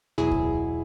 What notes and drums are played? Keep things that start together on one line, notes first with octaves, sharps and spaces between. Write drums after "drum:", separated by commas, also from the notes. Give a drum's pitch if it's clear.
E2 B2 F#3 E4 G#4
drum: kick C#2